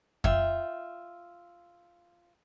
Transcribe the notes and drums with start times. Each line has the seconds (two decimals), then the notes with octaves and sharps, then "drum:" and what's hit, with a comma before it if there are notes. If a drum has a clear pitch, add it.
0.24 F4 E5 G5, drum: kick F2